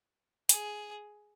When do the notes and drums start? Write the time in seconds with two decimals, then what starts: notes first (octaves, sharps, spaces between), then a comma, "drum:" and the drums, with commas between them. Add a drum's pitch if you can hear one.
0.49 G#4, drum: hi-hat